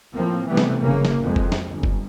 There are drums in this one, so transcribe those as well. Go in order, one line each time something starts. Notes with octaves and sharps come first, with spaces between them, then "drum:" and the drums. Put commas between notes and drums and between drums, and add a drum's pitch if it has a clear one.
A2 F3 A#3 C4
C3 E3 G3 A3 B3
drum: snare
F#1 C#3 A#3
drum: snare
F2 G#3
drum: kick
drum: snare
G1
drum: kick